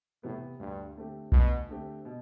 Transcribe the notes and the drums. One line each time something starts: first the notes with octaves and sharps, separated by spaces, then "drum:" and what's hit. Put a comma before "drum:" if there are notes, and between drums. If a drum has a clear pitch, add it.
A2 C3 E3 B3
D2 G2
D3 A3 C4 G4
D2 B2, drum: kick B1
D3 A3 C4 G4
B2